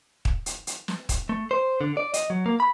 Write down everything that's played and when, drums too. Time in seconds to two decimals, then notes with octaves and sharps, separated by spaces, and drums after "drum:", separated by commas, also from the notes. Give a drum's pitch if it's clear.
0.25 drum: kick
0.46 drum: hi-hat
0.67 drum: hi-hat
0.88 drum: snare
1.09 drum: kick, hi-hat
1.29 A3
1.51 C5
1.81 D3
1.97 D5
2.14 D#5, drum: hi-hat
2.30 F#3
2.46 A#3
2.60 B5